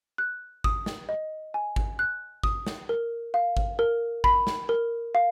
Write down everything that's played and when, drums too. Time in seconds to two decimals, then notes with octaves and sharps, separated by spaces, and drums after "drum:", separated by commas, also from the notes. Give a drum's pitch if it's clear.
0.18 F#6
0.64 D#6, drum: kick G#1
0.86 drum: snare
1.09 D#5
1.54 G#5
1.76 drum: kick G#1
1.99 F#6
2.43 D#6, drum: kick G#1
2.67 drum: snare
2.89 A#4
3.34 F5
3.57 drum: kick G#1
3.79 A#4
4.24 B5, drum: kick G#1
4.47 drum: snare
4.69 A#4
5.15 F5